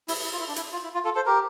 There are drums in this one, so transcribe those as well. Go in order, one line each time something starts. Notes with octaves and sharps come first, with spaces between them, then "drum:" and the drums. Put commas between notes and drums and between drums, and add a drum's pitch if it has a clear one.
E4, drum: open hi-hat
E4
F4
E4
D4
E4, drum: hi-hat
F4
E4
F4
F4 A4
A4 C5
G4 A#4